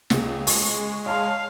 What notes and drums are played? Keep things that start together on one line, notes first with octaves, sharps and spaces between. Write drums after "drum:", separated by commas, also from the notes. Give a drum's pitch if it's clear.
C#2 G#4, drum: snare
G#3 C#6, drum: open hi-hat
C#5 F5 A5 C6